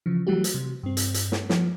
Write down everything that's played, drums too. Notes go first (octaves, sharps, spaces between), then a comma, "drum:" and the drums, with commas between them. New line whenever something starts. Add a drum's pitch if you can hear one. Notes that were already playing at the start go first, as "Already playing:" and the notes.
C#3 E3 F3
E3 F#3 G3 A3 F#4 G4
drum: hi-hat
C3
G2 C4
drum: hi-hat
drum: hi-hat
drum: snare
F3, drum: snare